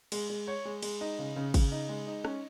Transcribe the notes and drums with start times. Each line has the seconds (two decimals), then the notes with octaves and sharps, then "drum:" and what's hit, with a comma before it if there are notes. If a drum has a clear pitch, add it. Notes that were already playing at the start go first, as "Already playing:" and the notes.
0.12 G#3, drum: cymbal
0.30 G#3
0.48 C#5
0.65 G#3
0.83 G#3, drum: cymbal
1.01 D#4
1.19 C#3
1.36 C#3
1.54 C#3, drum: kick, cymbal
1.72 D#4
1.89 G#3
2.07 D#4
2.25 C#4, drum: rim click